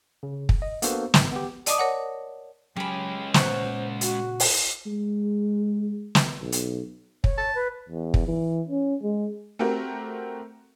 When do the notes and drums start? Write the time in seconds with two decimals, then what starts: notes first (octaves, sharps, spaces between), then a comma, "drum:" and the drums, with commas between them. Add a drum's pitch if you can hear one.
0.23 C#3
0.49 drum: kick
0.62 D#5
0.82 A#3 B3 D4 F#4 A4 C5, drum: hi-hat
1.14 G#1, drum: snare
1.32 B3 G4
1.66 D5 D#5 A5 D6 D#6, drum: hi-hat
1.78 A#4 C#5 F#5
2.76 F#3 G#3 C#4 G4 G#5 B5
3.34 A#2 C#3 C5 C#5 F#5 A#5, drum: snare
4.01 F#4, drum: hi-hat
4.40 drum: open hi-hat
4.86 G#3
6.15 drum: snare
6.41 B1
6.52 drum: hi-hat
7.24 C#5, drum: kick
7.38 A5
7.55 B4
7.89 E2
8.14 drum: kick
8.27 E3
8.69 C#4
9.03 G#3
9.59 A3 C4 F#4 G4 A#4